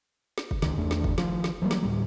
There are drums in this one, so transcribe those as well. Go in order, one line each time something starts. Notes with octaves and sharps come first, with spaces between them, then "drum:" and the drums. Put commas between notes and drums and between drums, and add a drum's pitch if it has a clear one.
drum: snare
drum: kick
C#2 D#3, drum: snare
E2 A3 D4
drum: snare
drum: kick
D#3 F3, drum: snare
drum: snare
E3 F#3 G3 A#3
drum: snare
D2 A2 F#3 G3